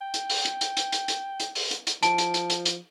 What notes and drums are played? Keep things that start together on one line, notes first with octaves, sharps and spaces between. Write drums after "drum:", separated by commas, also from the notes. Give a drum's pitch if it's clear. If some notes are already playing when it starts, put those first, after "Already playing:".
G5
drum: hi-hat
drum: open hi-hat
drum: hi-hat
drum: hi-hat
drum: hi-hat
drum: hi-hat
drum: hi-hat
drum: hi-hat
drum: open hi-hat
drum: hi-hat
drum: hi-hat
F3 A5 D7, drum: hi-hat
drum: hi-hat
drum: hi-hat
drum: hi-hat
drum: hi-hat